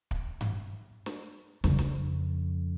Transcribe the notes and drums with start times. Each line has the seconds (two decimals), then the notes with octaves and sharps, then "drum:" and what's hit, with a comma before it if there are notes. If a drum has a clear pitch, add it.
0.11 drum: kick
0.41 drum: tom G2
1.06 drum: snare
1.64 F2 C#3, drum: snare
1.79 drum: snare